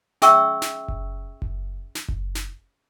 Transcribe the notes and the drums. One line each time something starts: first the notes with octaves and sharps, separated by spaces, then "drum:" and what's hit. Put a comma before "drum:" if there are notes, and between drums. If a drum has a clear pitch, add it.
C#4 G#4 E5 G5 C#6 E6, drum: snare
drum: snare
drum: kick F#1
drum: kick F#1
drum: snare
drum: kick F#1
drum: snare